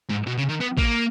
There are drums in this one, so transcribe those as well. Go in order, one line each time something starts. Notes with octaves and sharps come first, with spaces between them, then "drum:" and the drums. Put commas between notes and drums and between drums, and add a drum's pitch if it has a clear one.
G#2
B2
C#3
D#3
B3
A#3, drum: kick A1